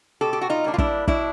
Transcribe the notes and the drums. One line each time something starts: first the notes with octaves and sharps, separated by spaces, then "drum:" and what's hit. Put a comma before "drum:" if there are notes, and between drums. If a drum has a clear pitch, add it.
B2 G4 A4
G4
F#4
D#4 F4
G3 A#3 D4
F4
D4 E4, drum: kick
B2 D4 E4, drum: kick